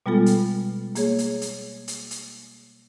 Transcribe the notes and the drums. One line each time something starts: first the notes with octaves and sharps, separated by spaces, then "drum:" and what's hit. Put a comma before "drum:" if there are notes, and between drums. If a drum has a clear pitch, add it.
B2 G3 G#3 B3 F4 A4
drum: hi-hat
A#3 G#4 C#5, drum: hi-hat
drum: hi-hat
drum: hi-hat
drum: hi-hat
drum: hi-hat